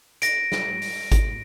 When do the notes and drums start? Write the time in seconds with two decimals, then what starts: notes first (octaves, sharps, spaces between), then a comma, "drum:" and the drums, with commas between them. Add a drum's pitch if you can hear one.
0.22 A#6 D7, drum: hi-hat
0.52 drum: snare
0.82 drum: open hi-hat
1.12 drum: kick G#1, hi-hat